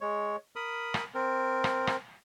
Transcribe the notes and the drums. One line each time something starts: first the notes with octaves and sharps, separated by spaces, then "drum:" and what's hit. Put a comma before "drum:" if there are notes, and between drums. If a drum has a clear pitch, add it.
G#3 C#5
A#4 B5 D#6
drum: rim click
C4 A#4
drum: rim click
drum: rim click